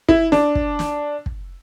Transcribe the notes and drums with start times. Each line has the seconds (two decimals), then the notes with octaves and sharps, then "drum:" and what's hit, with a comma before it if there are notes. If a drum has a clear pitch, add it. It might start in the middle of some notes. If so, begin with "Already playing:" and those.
0.09 E4, drum: kick
0.32 D4, drum: snare
0.55 drum: kick
0.79 drum: snare
1.26 drum: kick